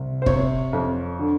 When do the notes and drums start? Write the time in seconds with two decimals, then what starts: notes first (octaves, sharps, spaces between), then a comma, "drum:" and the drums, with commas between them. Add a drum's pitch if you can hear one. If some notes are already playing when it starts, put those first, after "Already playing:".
Already playing: C2
0.22 C5
0.26 C3 C#5, drum: kick
0.73 F2
1.19 D3